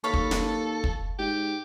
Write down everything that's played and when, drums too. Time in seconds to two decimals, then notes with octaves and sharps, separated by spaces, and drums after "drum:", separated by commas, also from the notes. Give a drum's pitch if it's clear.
0.04 D#2 A4 C#5 F5 B5
0.14 drum: kick
0.31 drum: snare
0.84 drum: kick
1.19 G#2 G4